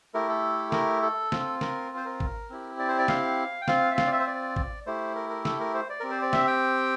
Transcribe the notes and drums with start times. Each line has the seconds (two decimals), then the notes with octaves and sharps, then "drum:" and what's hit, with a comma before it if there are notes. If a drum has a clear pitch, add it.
0.14 A3 E4 G4 A#4
0.29 A4
0.72 A#4, drum: snare
1.02 A4
1.32 C4 F4, drum: snare
1.61 A#4, drum: snare
1.97 C5
2.05 A#4
2.20 drum: kick G#1
2.50 C4 E4 G4
2.79 D5
2.88 C5
2.98 D5
3.08 F5, drum: snare
3.62 G5
3.68 C4 F4 F5, drum: snare
3.91 E5
3.98 F5, drum: snare
4.07 D5
4.12 E5
4.19 C5
4.26 D5
4.56 drum: kick G#1
4.86 A3 E4 G4 C5
5.15 A#4
5.30 A#4
5.45 A4, drum: snare
5.60 A#4
5.74 C5
5.90 D5
6.00 C4 G4 A#4
6.11 C5
6.22 D5
6.33 E5, drum: snare
6.47 G5